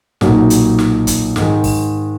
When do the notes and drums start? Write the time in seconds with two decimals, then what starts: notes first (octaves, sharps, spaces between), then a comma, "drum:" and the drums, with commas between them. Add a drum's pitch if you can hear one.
0.21 B1 A#2 A#3 D#4 F#4, drum: snare
0.50 drum: hi-hat
0.79 drum: snare
1.07 drum: kick, hi-hat
1.36 G#2 D#3 G#3, drum: snare
1.64 drum: kick, open hi-hat